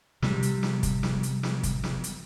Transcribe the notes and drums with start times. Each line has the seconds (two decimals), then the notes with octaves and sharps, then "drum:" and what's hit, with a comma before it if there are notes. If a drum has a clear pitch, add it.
0.22 C3 G3, drum: snare
0.43 drum: hi-hat
0.63 drum: snare
0.83 drum: kick, hi-hat
1.03 drum: snare
1.23 drum: hi-hat
1.43 drum: snare
1.63 drum: kick, hi-hat
1.84 drum: snare
2.04 drum: hi-hat